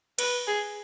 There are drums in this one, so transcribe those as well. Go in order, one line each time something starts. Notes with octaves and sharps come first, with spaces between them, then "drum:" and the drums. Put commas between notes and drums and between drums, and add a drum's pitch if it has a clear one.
B4, drum: cymbal
G#4